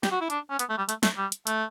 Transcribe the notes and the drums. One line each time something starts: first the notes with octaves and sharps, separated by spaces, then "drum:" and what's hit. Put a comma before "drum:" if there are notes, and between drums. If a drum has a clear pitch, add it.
G4, drum: snare
F#4
E4
D4, drum: hi-hat
C#4
B3, drum: hi-hat
A3
G3
A3, drum: hi-hat
A3, drum: snare
G3
drum: hi-hat
A3, drum: hi-hat